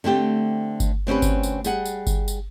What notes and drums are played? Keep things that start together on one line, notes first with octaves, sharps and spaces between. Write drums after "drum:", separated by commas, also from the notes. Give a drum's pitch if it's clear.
D3 A3 C4 G4
drum: kick G1, tambourine
D2 C4 C#4 G4 B4
drum: kick G1, tambourine
drum: tambourine
G3 G#4 F#5, drum: tambourine
drum: tambourine
drum: kick G1, tambourine
drum: tambourine